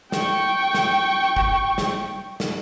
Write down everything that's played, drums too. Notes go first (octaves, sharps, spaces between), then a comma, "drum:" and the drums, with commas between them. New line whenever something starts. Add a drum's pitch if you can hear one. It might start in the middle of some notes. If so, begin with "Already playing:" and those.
G5 C#6, drum: snare
drum: snare
drum: kick
drum: snare
drum: snare